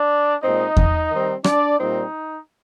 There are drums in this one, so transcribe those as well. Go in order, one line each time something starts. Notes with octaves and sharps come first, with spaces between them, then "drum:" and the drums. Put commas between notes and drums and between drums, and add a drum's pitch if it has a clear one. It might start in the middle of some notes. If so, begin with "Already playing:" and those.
Already playing: D4 D5
A#2 G#3 C4 D#4 D#5
drum: kick E2
D#3 G3 C4
D4 D5, drum: rim click
A#2 G3 C4 D#4